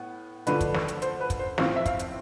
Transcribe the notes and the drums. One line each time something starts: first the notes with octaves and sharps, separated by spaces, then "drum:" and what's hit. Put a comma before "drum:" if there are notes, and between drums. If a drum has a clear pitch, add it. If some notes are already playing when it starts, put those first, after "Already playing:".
Already playing: A2 B3
D3 F3 A3 D4 B4, drum: hi-hat
drum: kick, hi-hat
drum: snare
drum: hi-hat
C5, drum: hi-hat
B4
drum: kick, hi-hat
C5
A2 F3 C4 F5, drum: snare
E5
F5, drum: kick, hi-hat
drum: hi-hat